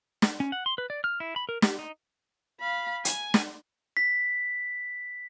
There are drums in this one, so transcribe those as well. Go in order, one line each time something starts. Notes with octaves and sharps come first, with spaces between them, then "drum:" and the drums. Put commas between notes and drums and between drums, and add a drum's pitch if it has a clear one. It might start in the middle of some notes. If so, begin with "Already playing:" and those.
drum: snare
C#4
F#5
C6
B4
D5
F6
E4
B5
A#4
G4, drum: snare
D#4
F5 B5
G#5, drum: hi-hat
drum: snare
B6